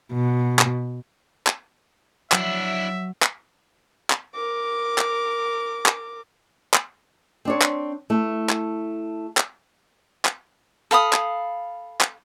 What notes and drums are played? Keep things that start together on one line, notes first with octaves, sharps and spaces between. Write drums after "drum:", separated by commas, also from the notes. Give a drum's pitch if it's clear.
B2
drum: clap
drum: clap
F#3 D4 E4 E5, drum: clap
drum: clap
drum: clap
A#4 D6
drum: clap
drum: clap
drum: clap
C4 D4 C#5
drum: clap
A3 E4
drum: clap
drum: clap
drum: clap
A4 F5 B5 D#6
drum: clap
drum: clap